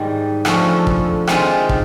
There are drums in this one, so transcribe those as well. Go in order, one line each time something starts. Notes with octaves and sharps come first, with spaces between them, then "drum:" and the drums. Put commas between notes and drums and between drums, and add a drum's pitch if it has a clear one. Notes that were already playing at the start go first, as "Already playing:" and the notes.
Already playing: G#2 D#3 G3
F2 D3 F3 A3 C#4, drum: rim click
drum: kick
C3 D#3 G#3 C4 F4, drum: rim click
drum: kick